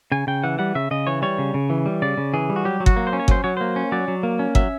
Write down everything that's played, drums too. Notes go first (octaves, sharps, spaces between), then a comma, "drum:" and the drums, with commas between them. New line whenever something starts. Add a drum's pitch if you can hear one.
C#3 G#5
C#3 G5
E3 F#5
G3 F#5
C#3 E5
C#3 D#5
E3 C#5
G3 C#5
C#3
C#3
E3
G3
C#3 D5
C#3
E3 G#4
G3
F#4
F#3 G4
F#3
F#4, drum: kick G1
A#3
C5
C#4
C#5
F#3 C5, drum: kick G1
F#3 C#5
A#3 C5
C#4
F#3 D5
F#3
A#3
C#4
F#3 E5, drum: kick G1